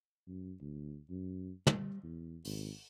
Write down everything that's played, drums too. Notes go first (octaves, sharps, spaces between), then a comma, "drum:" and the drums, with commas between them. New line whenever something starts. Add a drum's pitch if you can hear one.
F#2
D2
F#2
G3, drum: tom
E2
G#1, drum: open hi-hat